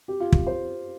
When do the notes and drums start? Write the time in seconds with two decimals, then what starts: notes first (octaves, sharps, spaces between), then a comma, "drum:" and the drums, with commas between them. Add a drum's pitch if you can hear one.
0.08 G4
0.20 F4
0.32 drum: kick
0.47 C5